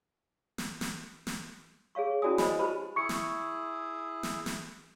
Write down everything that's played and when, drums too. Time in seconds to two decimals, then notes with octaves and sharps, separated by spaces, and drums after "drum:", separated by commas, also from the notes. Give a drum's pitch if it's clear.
0.58 drum: snare
0.81 drum: snare
1.27 drum: snare
1.95 G#4 C#5 F5 C#6
2.22 C#4 E4 F#4 D5 G#5 D#6
2.38 B4 C5 D#5 G#5 B5, drum: snare
2.59 F#4 G4 B4 C5 A5 B5
2.96 E4 G#4 C#6 C#7
3.09 drum: snare
4.23 drum: snare
4.46 drum: snare